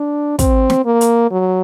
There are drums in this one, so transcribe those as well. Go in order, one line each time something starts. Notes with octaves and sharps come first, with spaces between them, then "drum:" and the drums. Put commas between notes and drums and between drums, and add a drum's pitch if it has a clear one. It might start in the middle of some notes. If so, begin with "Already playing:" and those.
Already playing: D4
C4, drum: kick, hi-hat
drum: snare
A#3
drum: hi-hat
F#3